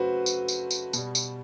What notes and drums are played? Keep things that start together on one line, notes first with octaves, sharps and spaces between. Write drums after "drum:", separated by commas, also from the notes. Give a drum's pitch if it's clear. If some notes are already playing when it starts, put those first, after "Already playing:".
Already playing: C#3 F#3 A3 F#4 B4 C5
drum: tambourine
drum: tambourine
drum: tambourine
B2 G3, drum: tambourine
drum: tambourine